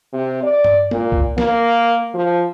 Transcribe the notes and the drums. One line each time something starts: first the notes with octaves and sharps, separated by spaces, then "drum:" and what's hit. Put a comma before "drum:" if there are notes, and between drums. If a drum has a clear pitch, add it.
C3
D5
drum: tom G2
A#2, drum: tom G#3
drum: kick C2
A#3, drum: snare
F3